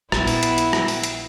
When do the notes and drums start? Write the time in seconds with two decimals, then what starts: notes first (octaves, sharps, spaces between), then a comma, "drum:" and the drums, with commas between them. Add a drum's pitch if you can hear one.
0.12 A#1 B3 E4, drum: rim click
0.27 drum: open hi-hat
0.43 drum: hi-hat
0.58 drum: hi-hat
0.73 drum: rim click
0.88 drum: open hi-hat
1.03 drum: hi-hat